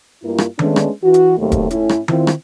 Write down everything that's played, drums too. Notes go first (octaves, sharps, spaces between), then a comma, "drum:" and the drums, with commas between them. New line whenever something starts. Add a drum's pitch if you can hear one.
G2 A#3 E4 F4
drum: rim click
G#3 A3 B3 C#4 D4, drum: tom D#3
drum: rim click
E3 F#4
drum: hi-hat
D#2 C3 F#3 A3
drum: kick E1, hi-hat
A2 C#4 E4, drum: hi-hat
drum: rim click
D#3 C4 E4 F4, drum: tom D#3
drum: rim click